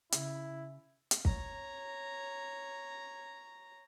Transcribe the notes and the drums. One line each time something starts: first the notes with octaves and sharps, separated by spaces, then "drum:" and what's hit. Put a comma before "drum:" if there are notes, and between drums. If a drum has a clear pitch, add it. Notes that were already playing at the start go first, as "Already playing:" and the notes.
C#3 E4, drum: hi-hat
drum: hi-hat
C#5 A#5, drum: kick